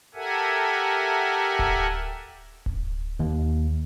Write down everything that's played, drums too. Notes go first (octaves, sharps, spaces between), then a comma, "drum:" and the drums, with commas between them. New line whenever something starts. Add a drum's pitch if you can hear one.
G4 A4 A#4 E5 F#5 G#5
drum: kick D1
drum: kick D1
D#2